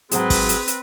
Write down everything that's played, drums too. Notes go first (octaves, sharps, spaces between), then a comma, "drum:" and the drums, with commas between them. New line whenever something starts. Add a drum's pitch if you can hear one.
G#2 F#3 C4 G#4 B4, drum: hi-hat
drum: kick, open hi-hat
drum: hi-hat
drum: hi-hat